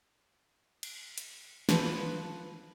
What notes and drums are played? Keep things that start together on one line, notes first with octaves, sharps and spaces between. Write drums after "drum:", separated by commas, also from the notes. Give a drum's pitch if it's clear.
drum: cymbal
drum: hi-hat
F3 B4, drum: snare